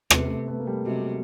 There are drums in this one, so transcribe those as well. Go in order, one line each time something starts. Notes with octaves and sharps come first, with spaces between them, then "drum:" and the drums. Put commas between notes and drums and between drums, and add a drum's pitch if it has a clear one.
C3 A3 B3, drum: rim click
A3 B3
A3 B3
A#3
G3 A3
C3 F#3 G#3